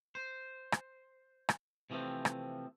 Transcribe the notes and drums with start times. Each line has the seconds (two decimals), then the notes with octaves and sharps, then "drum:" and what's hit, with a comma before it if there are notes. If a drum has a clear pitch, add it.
0.15 C5
0.72 drum: rim click
1.49 drum: rim click
1.90 C3 E3 F3 A3 C4
2.25 drum: rim click